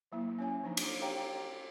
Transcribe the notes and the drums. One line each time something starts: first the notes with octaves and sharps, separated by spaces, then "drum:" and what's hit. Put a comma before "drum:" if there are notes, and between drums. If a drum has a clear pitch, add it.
F#3 A#3 E4
C#4 C#5 G#5
F3 D4 D#4
drum: cymbal
G4 C#5 F5 G5 A#5